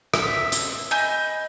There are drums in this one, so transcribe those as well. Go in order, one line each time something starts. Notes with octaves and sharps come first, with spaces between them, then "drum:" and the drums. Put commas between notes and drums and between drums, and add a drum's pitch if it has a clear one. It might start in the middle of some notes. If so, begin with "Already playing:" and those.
E5, drum: rim click
drum: hi-hat
D#5 G#5 B5 G6